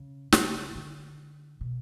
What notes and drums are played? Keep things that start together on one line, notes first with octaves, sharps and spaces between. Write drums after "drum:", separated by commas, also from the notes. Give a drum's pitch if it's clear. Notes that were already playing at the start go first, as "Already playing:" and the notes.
Already playing: C#3
C#3, drum: snare
D3
B2